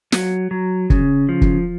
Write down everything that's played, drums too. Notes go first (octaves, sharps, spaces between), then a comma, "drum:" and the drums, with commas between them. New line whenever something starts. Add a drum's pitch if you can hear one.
F#3, drum: snare
F#3
C#3, drum: kick
F3
drum: kick